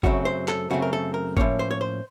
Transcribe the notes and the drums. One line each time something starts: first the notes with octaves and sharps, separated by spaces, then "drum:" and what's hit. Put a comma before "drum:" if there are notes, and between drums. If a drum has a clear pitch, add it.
F#2 C#3 F#3 A3 C4 F#4, drum: kick
C5
A4, drum: clap
F#2 C#3 F#3 A3 C4 F#4
A#4
A4
A#4
A2 F3 A#3 C#4 C#5, drum: kick
C5
C#5
C5